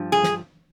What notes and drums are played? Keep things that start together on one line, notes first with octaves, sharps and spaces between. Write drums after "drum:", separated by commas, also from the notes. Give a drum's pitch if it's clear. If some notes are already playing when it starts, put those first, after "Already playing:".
Already playing: G2 F3
G#4
drum: snare